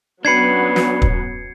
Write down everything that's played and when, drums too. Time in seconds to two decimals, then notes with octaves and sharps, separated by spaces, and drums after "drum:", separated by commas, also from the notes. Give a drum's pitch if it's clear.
0.25 F#3 B3 C#4 D4 B4 G#6 C7 C#7
0.76 drum: snare
1.02 drum: kick